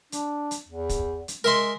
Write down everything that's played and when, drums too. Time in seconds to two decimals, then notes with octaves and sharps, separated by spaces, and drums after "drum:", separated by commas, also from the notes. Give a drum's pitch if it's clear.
0.12 D4, drum: hi-hat
0.51 drum: hi-hat
0.69 E2
0.89 drum: kick, hi-hat
1.28 drum: hi-hat
1.44 G#3 A#4 E5 C6